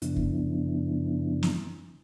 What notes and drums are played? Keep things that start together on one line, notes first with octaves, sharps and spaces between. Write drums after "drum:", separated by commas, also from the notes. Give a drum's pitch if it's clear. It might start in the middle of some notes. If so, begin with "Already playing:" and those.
F#2 C#3 F3 B3 D4 E4, drum: hi-hat
drum: kick
drum: snare